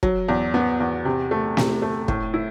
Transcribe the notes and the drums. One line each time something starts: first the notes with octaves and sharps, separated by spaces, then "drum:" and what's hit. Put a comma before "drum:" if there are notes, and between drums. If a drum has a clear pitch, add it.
F#3, drum: kick
E2
B3
E2
C3
A3
C3, drum: snare
A3
A2, drum: kick
E4